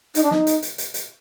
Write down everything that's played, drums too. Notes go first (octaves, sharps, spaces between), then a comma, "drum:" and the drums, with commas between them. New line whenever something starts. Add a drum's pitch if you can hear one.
D#4, drum: hi-hat
D4
D#4, drum: snare
drum: hi-hat
drum: hi-hat
drum: hi-hat
drum: hi-hat